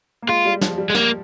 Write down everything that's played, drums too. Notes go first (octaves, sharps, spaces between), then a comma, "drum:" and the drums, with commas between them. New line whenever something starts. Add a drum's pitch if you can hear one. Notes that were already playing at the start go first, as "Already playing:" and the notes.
A#3
G#3 F4
G3
F3, drum: snare
G3
G#3
A#3, drum: snare